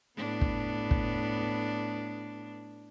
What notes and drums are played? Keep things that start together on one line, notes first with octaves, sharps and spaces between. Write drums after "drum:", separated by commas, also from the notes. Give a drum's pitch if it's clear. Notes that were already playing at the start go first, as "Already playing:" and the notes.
A2 B3 D4
drum: kick
drum: kick